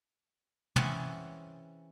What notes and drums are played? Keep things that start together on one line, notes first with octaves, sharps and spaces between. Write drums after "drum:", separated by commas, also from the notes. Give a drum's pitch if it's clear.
E3 C4 C#4 G#4 F#5 A5, drum: tom